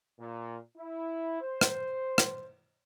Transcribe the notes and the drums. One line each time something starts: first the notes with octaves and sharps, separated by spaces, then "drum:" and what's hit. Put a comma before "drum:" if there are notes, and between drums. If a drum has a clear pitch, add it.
A#2
E4
C5
drum: rim click
drum: rim click